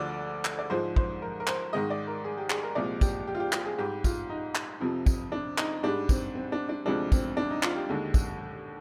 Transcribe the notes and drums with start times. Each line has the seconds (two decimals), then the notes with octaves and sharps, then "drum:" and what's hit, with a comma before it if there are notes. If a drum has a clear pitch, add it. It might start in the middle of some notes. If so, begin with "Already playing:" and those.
Already playing: D2 D3 F3 D5
0.45 drum: clap
0.59 D5
0.70 G#2 F3 G#3 C5
0.96 C5, drum: kick
1.22 A#4
1.40 A#4
1.47 C5, drum: clap
1.73 G#2 D#3 G#3 D#5
1.90 D5
2.08 A#4
2.24 G#4
2.37 G4
2.50 G#4, drum: clap
2.63 A#4
2.75 C2 A#2 F3 G#3 D5
3.01 G4, drum: kick, tambourine
3.27 G4
3.35 F4
3.40 G4
3.52 F4, drum: clap
3.65 G#4
3.78 G#2 G3 G4
4.04 F4, drum: kick, tambourine
4.30 D#4
4.55 drum: clap
4.80 F2 C3 F3
5.06 drum: kick, tambourine
5.32 D4
5.58 D#4, drum: clap
5.83 G#2 G3 D4
6.09 C4, drum: kick, tambourine
6.35 C4
6.52 D4
6.69 D4
6.86 D2 C3 F3 G#3 D4
7.12 C4, drum: kick, tambourine
7.37 D4
7.50 D#4
7.63 F4, drum: clap
7.76 G4
7.89 D#2 D3 G#3
8.14 drum: kick, tambourine